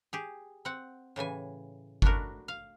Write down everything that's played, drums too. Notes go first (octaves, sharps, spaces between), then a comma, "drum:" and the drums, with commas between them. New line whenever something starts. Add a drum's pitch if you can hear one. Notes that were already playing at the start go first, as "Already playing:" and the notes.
G4 G#4
C4 F#5
A2 C#3 E3 G#5
A3 D4 E4 F#4 A#4, drum: kick G1
F5